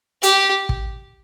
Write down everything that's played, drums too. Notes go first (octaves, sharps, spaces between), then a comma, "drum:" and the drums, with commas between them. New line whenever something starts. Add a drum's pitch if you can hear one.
G4, drum: hi-hat
drum: kick